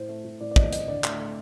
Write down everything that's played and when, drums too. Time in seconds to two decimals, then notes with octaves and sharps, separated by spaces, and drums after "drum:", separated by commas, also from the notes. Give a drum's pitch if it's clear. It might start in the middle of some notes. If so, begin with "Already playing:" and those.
Already playing: A2 C5
0.09 A3
0.24 A2
0.40 A2 D5
0.51 D5
0.56 A3 D#5, drum: kick
0.73 A2 D#5, drum: hi-hat
0.88 D3 D5
1.04 A3, drum: clap
1.19 A3